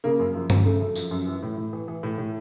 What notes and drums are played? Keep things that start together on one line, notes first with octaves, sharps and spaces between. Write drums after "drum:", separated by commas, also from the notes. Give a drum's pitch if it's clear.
C#3 A#3
F#2
F3
F#2, drum: tom G2
C#3 A3
F#2
F3, drum: tambourine
F#2
E3
A2
A2
E3
E3
A2
A2